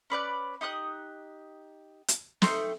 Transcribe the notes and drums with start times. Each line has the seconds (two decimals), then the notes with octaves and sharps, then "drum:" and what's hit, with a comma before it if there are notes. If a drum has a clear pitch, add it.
0.10 C#4 B4 D5 F#6
0.61 D#4 G4 D#6 F#6
2.08 drum: hi-hat
2.42 A3 D#4 G5 C6, drum: snare